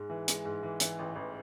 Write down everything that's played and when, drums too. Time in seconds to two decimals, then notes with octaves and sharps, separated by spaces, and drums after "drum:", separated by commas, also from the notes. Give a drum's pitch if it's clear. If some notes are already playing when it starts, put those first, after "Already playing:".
Already playing: G#2 G#3
0.10 E3
0.28 G#3, drum: hi-hat
0.45 G#2
0.63 E3
0.80 E3, drum: hi-hat
0.99 A1
1.16 A1